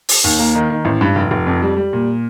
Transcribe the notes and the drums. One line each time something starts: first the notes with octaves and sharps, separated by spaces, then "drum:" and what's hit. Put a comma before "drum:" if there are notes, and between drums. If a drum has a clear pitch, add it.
drum: open hi-hat
D#2
A#3
D#3
D#3
A1
G2
F1
F1
F2
G3
G3
A#2